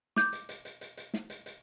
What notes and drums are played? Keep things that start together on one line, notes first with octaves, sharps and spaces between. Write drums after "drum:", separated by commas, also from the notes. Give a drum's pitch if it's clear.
D6 G6, drum: snare
drum: hi-hat
drum: hi-hat
drum: hi-hat
drum: hi-hat
drum: hi-hat
drum: snare
drum: hi-hat
drum: hi-hat